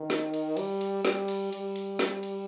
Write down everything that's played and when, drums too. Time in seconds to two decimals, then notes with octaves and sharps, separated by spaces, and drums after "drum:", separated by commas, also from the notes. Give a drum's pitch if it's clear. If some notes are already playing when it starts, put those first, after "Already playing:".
Already playing: D#3
0.10 drum: snare
0.34 drum: cymbal
0.57 G3, drum: cymbal
0.81 drum: cymbal
1.05 G3, drum: snare
1.28 drum: cymbal
1.52 G3, drum: cymbal
1.76 drum: cymbal
1.99 drum: snare
2.23 drum: cymbal